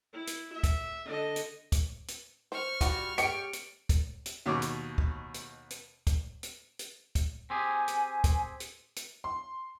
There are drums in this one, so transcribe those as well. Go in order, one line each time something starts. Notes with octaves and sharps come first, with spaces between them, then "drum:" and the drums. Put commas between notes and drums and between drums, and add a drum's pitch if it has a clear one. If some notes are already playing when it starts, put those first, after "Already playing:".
E4
drum: hi-hat
E5
drum: kick, hi-hat
D3 D#5
drum: hi-hat
drum: kick, hi-hat
drum: hi-hat
C5 C#6 F6
G3 F4 F#4, drum: kick, hi-hat
G4 C#5 G5 C#7 D7, drum: hi-hat
drum: hi-hat
drum: kick, hi-hat
drum: hi-hat
D#2 B2 C#5 D6
drum: hi-hat
drum: kick
drum: hi-hat
drum: hi-hat
drum: kick, hi-hat
drum: hi-hat
drum: hi-hat
drum: kick, hi-hat
C4 G4 G#4 G#5
drum: hi-hat
drum: kick, hi-hat
drum: hi-hat
drum: hi-hat
C6